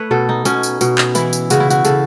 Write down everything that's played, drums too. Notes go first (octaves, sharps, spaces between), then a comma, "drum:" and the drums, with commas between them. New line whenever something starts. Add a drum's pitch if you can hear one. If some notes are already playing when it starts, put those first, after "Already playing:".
Already playing: A3 B4 C#5
B2 A4
D#4
B2 C#4, drum: tambourine
drum: tambourine
B2, drum: tambourine
drum: clap
E3 E4, drum: tambourine
drum: tambourine
C#3 F#4, drum: tambourine
E4
F#4, drum: tambourine
C#3 A4, drum: tambourine